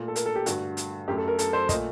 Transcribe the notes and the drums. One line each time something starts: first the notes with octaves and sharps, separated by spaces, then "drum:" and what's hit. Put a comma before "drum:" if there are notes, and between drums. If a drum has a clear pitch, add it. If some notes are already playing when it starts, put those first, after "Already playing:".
Already playing: A#2 A3
A4
A#4, drum: hi-hat
A4
G4
G2 D3 A3 F#4, drum: hi-hat
drum: hi-hat
F#2 F#3 A3 G4
A4
A#4
A4, drum: hi-hat
C5
A#2 A3 D#5, drum: kick, hi-hat